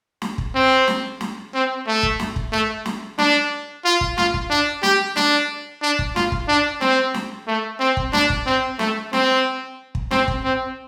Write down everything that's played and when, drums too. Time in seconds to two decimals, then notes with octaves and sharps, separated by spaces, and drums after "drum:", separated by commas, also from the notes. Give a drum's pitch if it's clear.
0.22 drum: snare
0.38 drum: kick
0.55 C4
0.88 drum: snare
1.21 drum: snare
1.54 C4
1.87 A3
2.03 drum: kick
2.20 drum: snare
2.36 drum: kick
2.52 A3
2.86 drum: snare
3.18 D4, drum: snare
3.85 F4
4.01 drum: kick
4.18 F4, drum: snare
4.34 drum: kick
4.50 D4
4.83 G4, drum: snare
5.16 D4, drum: snare
5.82 D4
5.99 drum: kick
6.16 F4, drum: snare
6.32 drum: kick
6.48 D4
6.81 C4, drum: snare
7.14 drum: snare
7.47 A3
7.80 C4
7.97 drum: kick
8.13 D4, drum: snare
8.30 drum: kick
8.46 C4
8.79 A3, drum: snare
9.13 C4, drum: snare
9.95 drum: kick
10.11 C4, drum: snare
10.28 drum: kick
10.44 C4